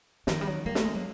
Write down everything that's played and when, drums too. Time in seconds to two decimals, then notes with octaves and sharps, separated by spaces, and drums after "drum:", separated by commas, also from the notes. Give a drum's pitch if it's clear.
0.27 D#3 F3, drum: snare
0.41 G3
0.47 F#3
0.65 G3 A#3
0.75 A3, drum: snare
0.85 G#3
0.95 F#3